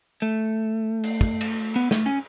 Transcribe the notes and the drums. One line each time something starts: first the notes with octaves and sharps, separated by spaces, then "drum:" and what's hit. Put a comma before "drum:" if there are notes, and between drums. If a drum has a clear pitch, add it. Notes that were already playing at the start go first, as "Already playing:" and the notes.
A3
drum: cymbal
drum: kick
drum: cymbal
B3
A3, drum: snare
C#4